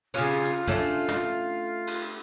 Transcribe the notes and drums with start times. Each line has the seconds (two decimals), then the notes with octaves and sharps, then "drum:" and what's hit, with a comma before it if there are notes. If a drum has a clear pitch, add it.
0.14 C#3 C#4 F4, drum: cymbal
0.43 drum: hi-hat
0.67 A3 C#4 D4, drum: tom
1.08 drum: snare
1.87 drum: cymbal